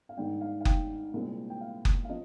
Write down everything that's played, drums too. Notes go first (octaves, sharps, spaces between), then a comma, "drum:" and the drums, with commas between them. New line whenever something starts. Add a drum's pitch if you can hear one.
F5
G#2 D#3 G3 D4 G5
F5
F5
G5, drum: kick F#1
C2 A#2 G#3 C4
G5
F5
drum: kick F#1
F5
F3 C4 D#5